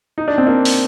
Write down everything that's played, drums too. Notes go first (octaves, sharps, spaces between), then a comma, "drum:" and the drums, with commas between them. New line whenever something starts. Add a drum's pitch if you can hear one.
D#4
D4
C4
A#3 D4
drum: open hi-hat